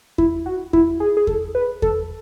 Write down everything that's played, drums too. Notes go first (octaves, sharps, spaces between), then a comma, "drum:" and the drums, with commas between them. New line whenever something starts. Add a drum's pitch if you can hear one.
E4, drum: kick E2
F#4
E4, drum: kick E2
G#4
G#4
A4, drum: kick E2
B4
A4, drum: kick E2